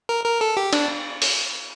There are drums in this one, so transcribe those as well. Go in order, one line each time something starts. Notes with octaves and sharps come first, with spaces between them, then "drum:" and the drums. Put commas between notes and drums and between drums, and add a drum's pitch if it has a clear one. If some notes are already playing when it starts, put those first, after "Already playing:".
A#4
A#4
A4
G4
D4, drum: cymbal
drum: open hi-hat